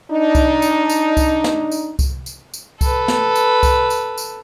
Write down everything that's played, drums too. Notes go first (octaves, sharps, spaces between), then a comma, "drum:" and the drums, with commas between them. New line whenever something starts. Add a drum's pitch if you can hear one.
D4 D#4
drum: kick C2, tambourine
drum: tambourine
drum: tambourine
drum: kick C2, tambourine
drum: snare
drum: tambourine
drum: kick C2, tambourine
drum: tambourine
drum: tambourine
A4 B4, drum: kick C2, tambourine
drum: snare
drum: tambourine
drum: kick C2, tambourine
drum: tambourine
drum: tambourine